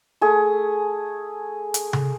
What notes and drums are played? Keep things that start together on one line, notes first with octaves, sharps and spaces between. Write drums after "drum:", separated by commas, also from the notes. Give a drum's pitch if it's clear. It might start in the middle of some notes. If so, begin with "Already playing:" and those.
A3 G#4
drum: hi-hat
drum: tom C3